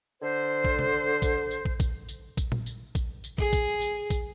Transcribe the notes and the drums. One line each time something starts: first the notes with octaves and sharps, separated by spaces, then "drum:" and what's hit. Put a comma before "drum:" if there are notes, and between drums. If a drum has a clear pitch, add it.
D3 C5
drum: kick
drum: tom C3
drum: kick, tambourine
drum: tambourine
drum: kick
drum: kick, tambourine
drum: tambourine
drum: kick, tambourine
drum: tom A#2
drum: tambourine
drum: kick, tambourine
drum: tambourine
G#4, drum: kick
drum: kick, tambourine
drum: tambourine
drum: kick, tambourine